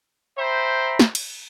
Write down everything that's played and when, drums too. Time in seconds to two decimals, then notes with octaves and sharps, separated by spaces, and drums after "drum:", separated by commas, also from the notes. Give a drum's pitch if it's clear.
0.39 C5 E5 G5 A#5 B5
0.99 drum: snare
1.15 drum: cymbal